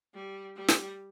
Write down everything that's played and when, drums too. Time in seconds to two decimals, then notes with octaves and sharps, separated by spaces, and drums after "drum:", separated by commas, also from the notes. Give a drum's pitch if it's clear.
0.14 G3
0.56 G3
0.68 drum: snare